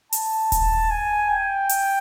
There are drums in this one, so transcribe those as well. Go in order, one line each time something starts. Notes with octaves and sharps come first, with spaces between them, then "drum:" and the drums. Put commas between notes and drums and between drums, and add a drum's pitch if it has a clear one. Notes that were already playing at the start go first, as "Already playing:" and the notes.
A5, drum: hi-hat
drum: kick D#1, hi-hat
G#5
G5
drum: hi-hat